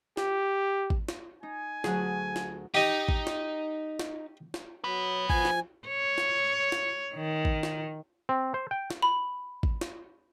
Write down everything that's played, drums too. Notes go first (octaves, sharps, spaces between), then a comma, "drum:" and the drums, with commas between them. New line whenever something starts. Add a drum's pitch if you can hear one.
G4, drum: snare
drum: kick G#1
drum: snare
D#4 G#5
D2 F#3 G#4 F#5, drum: snare
drum: snare
D#4 G4 D#5
drum: kick G#1
drum: snare
drum: snare
drum: snare
F#3 F#4 B4
F3 G#5, drum: kick G#1
drum: snare
C#5
drum: snare
drum: snare
D#3
drum: kick G#1
drum: snare
C4
C5
G5
drum: snare
B5
drum: kick G#1
drum: snare